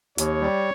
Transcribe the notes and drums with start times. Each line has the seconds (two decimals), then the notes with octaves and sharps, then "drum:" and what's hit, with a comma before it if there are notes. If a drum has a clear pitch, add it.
0.18 D#2 C#5, drum: hi-hat
0.41 G3